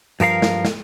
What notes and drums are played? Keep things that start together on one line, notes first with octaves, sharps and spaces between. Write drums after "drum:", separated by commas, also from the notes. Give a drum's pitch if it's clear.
G2 F3 A#4 F5, drum: hi-hat
drum: snare
drum: snare